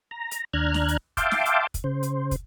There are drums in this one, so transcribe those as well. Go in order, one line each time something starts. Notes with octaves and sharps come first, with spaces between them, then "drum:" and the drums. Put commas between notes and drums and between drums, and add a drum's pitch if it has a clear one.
A#5
drum: hi-hat
D#2 D4 A#5 F6 F#6 G#6
drum: snare
drum: hi-hat
E5 F5 G5 A5 C6 D6, drum: kick, hi-hat
drum: snare
drum: hi-hat
drum: kick, hi-hat
C#3 C5
drum: hi-hat
drum: kick, hi-hat